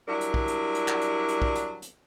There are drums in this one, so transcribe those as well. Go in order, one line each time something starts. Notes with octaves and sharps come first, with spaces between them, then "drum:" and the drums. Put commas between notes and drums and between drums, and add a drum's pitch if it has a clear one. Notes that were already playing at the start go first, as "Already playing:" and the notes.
F#3 G3 D4 E4 A#4
drum: hi-hat
drum: kick
drum: hi-hat
drum: hi-hat
drum: clap
drum: hi-hat
drum: hi-hat
drum: kick
drum: hi-hat
drum: hi-hat